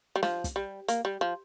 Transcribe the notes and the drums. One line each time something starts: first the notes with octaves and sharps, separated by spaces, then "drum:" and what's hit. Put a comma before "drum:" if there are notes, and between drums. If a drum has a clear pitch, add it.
G3
F3, drum: snare
drum: kick, hi-hat
G3
A#3, drum: hi-hat
G3
F3